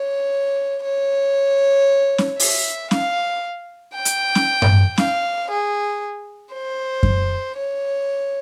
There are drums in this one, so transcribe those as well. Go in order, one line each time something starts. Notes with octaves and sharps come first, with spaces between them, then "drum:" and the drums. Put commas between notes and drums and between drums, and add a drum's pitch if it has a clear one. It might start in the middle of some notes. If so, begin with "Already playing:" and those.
Already playing: C#5
C#5
drum: snare C#4
E5, drum: open hi-hat
F5, drum: snare C#4
G5
drum: hi-hat
drum: snare C#4
drum: tom G2
F5, drum: snare C#4
G#4
C5
drum: kick F#2
C#5